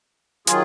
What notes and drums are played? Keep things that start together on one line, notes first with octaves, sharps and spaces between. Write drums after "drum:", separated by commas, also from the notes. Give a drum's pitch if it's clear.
D#3 F#3 F4 G#4, drum: hi-hat